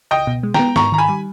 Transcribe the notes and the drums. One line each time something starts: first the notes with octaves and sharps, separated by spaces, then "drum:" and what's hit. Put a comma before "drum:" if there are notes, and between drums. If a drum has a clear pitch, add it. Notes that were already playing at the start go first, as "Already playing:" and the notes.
C#2 D#5 G5
B2
G#3
B3 G5 A#5, drum: snare
G#2 A#5 C#6, drum: snare
D#3 A#5
G#5 B5
G3